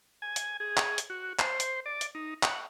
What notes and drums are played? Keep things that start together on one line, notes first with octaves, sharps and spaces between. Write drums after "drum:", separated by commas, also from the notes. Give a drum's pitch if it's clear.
G#5
drum: hi-hat
G#4
drum: clap
drum: hi-hat
F#4
C5, drum: clap
drum: hi-hat
D5
drum: hi-hat
D#4
F#5, drum: clap